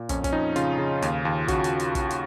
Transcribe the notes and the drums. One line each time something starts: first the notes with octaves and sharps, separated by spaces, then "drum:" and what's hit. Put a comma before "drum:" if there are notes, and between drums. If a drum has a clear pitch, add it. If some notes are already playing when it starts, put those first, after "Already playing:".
Already playing: A#2
F2 C#4, drum: kick, hi-hat
C#4, drum: kick, hi-hat
F2 D#4
C#3 F4, drum: hi-hat
C#3
D#2, drum: hi-hat
D#2
C#3 F#4, drum: kick, hi-hat
drum: hi-hat
drum: hi-hat
drum: kick, hi-hat
drum: hi-hat